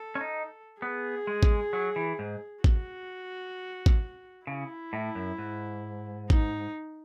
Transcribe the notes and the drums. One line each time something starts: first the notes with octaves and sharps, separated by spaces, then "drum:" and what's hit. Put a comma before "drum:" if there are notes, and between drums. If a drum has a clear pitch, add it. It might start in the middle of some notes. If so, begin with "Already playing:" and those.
Already playing: A4
C#4
D#4
B3 G#4
G#3
drum: kick
F#3
E3
G#2
F#4, drum: kick
drum: kick
C#3 E4
A2
F#2
G#2
D#4, drum: kick